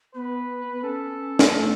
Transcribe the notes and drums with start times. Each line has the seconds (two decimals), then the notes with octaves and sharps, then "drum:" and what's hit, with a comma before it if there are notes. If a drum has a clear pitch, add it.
0.15 B3 B4
0.73 B3
0.83 C#4 A4
1.39 drum: snare
1.53 A3